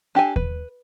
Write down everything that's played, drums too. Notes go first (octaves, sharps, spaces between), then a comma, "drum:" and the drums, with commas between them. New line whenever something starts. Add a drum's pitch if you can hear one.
D4 G4 A4 G#5
B4, drum: kick D#2